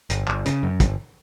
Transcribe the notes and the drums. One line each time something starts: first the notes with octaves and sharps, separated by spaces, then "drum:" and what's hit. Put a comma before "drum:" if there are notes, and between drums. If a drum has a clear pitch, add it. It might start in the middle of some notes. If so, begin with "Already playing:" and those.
G1, drum: hi-hat
G1, drum: clap
C#3, drum: hi-hat
F#2
G1, drum: kick, hi-hat